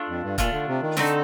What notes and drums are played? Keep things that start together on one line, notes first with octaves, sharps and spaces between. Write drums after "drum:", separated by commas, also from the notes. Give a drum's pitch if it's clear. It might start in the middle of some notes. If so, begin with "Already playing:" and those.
Already playing: A3 D4 F4
F2
G2
A#2 A3 D4 F4, drum: kick, hi-hat
D3
C3
D#3
D3 A3 C4 D#4 A4, drum: snare